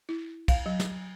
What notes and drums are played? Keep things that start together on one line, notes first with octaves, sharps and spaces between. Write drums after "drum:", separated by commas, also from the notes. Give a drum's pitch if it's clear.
E4
F5, drum: kick, cymbal
F#3
drum: snare